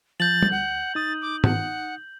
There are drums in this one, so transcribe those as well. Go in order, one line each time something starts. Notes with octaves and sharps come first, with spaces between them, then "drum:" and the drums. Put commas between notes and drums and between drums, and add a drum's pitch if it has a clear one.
F3 G6 A6 F#7
drum: tom G3
D2 F#5
D#4 D#6 A6
D6
F#5, drum: tom G#2